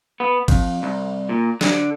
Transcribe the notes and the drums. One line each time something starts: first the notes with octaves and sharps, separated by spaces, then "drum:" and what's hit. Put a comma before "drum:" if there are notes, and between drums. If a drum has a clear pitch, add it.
B3
F2, drum: kick, cymbal
C2
A#2
D3, drum: snare